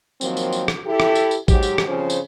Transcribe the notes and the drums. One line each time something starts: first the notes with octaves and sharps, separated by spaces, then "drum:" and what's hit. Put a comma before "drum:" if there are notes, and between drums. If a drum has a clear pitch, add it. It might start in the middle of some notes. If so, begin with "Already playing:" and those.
D#3 F3 F#3 A#3 C4, drum: tambourine
drum: tambourine
drum: tambourine
drum: rim click
E4 G4 A4
drum: rim click
drum: tambourine
drum: tambourine
G#2 F#3 G4, drum: kick, tambourine
drum: tambourine
drum: rim click
G2 C#3 F3 C4 C#4 C5
drum: tambourine